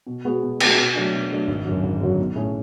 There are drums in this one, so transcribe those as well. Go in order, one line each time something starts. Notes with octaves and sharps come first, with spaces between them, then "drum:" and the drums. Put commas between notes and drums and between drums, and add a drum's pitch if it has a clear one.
B2
G#3 B3 F#4
B2
G#3 B3 F#4, drum: cymbal
B2
F#3 A3 D4
B2
F#3 A3 D4
G#1
F#2 D3 F#3
G#1
F#2 D3 F#3
B1
A2 G#3 C#4 G#4